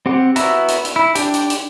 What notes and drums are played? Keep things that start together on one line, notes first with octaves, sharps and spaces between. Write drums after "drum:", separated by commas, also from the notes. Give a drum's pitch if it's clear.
C4 G4 F#5
B3 E4 F#4 E5 A#5, drum: hi-hat
drum: hi-hat
drum: hi-hat
E4
D4 G4 G5, drum: hi-hat
drum: hi-hat
drum: hi-hat